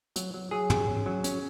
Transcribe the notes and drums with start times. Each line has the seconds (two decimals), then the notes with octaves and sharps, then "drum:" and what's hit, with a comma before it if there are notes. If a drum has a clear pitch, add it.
0.16 F#3, drum: hi-hat
0.34 F#3
0.51 F#3 G#4
0.70 C#4, drum: tom
0.88 C#4
1.06 F#3
1.24 C#4, drum: hi-hat